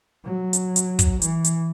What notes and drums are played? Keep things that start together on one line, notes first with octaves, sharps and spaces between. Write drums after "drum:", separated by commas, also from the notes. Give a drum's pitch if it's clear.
F#3
drum: hi-hat
drum: hi-hat
drum: kick, hi-hat
E3, drum: hi-hat
drum: hi-hat